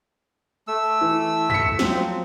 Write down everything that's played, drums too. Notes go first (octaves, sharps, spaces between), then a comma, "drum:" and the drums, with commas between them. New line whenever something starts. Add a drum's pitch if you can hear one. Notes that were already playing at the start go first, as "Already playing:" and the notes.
A3 E6
E3
B6 C#7, drum: tom
F3 F#3 C4, drum: snare